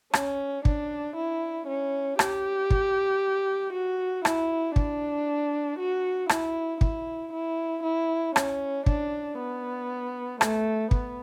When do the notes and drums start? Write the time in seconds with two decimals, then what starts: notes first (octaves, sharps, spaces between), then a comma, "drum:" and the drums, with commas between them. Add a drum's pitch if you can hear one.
0.13 C#4, drum: rim click
0.65 D4, drum: kick
1.16 E4
1.68 C#4
2.19 G4, drum: rim click
2.70 drum: kick
3.73 F#4
4.25 E4, drum: rim click
4.76 D4, drum: kick
5.79 F#4
6.29 E4, drum: rim click
6.81 E4, drum: kick
7.33 E4
7.83 E4
8.36 C#4, drum: rim click
8.86 D4, drum: kick
9.38 B3
10.41 A3, drum: rim click
10.91 B3, drum: kick